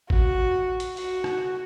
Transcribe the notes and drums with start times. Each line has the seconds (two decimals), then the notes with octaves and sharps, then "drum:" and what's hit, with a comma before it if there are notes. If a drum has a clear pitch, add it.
0.10 F#4, drum: kick G#1
0.80 drum: hi-hat
0.97 F#4, drum: open hi-hat
1.24 drum: rim click